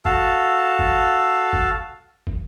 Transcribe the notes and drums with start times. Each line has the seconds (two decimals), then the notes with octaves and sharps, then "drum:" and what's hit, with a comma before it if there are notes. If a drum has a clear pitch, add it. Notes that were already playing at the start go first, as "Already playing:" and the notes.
0.05 F#4 A4 F5 A5, drum: kick
0.79 drum: kick
1.53 drum: kick
2.27 drum: kick